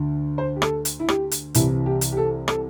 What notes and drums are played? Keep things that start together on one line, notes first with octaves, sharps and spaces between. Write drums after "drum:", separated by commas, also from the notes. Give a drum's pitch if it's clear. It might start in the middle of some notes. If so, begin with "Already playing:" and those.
Already playing: D2 D3
C5
G4
A4, drum: rim click
drum: hi-hat
E4
G4, drum: rim click
drum: hi-hat
C2 C3 E3 E4, drum: hi-hat
G4
drum: hi-hat
G4
A4
A4, drum: rim click